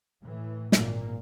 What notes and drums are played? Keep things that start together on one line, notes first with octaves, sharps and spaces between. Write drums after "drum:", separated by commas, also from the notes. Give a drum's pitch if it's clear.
A2 E3
G#1 A#2 A#3, drum: snare